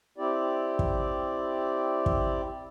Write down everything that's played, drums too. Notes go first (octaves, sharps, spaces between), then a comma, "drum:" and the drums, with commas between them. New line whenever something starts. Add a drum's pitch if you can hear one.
C4 E4 G4 D5
drum: kick
drum: kick